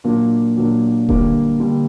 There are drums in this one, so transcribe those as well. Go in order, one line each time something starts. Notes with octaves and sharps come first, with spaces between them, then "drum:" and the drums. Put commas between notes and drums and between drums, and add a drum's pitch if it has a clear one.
A#2 F#3 A#3 D4
A#2 F#3 A#3 D4
D3 G3 A#3, drum: kick D#1
D3 G3 A#3